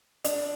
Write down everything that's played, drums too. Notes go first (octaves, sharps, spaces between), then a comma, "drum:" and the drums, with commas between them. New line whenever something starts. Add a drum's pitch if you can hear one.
D4, drum: hi-hat